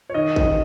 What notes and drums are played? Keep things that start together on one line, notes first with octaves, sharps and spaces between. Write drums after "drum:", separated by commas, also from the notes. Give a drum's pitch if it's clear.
C#5
D#3 D#5
drum: kick A1